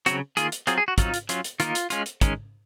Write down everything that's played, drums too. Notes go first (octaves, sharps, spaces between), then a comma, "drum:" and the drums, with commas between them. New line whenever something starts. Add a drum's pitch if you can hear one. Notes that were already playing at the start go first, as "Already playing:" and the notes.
C#3 F#3 C4 F#4, drum: hi-hat
D#3 A#3 F4 G#4, drum: hi-hat
drum: hi-hat
F#3 C4 F4 G#4, drum: hi-hat
G#4
F#4
F#3 C4 D#4 F4, drum: kick, hi-hat
drum: hi-hat
F#3 C#4 F4, drum: hi-hat
drum: hi-hat
D#3 A#3 D#4 F4, drum: hi-hat
drum: hi-hat
G#3 C#4 F4, drum: hi-hat
drum: hi-hat
D#3 G#3 C#4, drum: kick, hi-hat